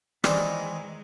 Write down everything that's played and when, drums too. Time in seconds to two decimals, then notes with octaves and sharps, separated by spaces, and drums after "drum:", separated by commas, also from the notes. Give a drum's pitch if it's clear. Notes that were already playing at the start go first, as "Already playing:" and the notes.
0.24 D#3 E3 G#3 C4 G#4 D5, drum: rim click